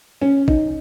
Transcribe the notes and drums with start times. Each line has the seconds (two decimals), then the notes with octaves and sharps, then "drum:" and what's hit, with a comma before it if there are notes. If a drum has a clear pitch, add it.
0.21 C#4
0.48 D#4, drum: kick G#1